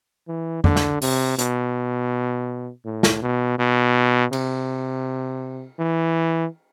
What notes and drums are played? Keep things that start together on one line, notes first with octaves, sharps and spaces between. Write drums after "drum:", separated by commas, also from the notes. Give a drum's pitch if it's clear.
E3
D3, drum: tom F2
drum: snare
C3, drum: open hi-hat
B2, drum: hi-hat
A2
drum: snare
B2
B2
C3, drum: cymbal
E3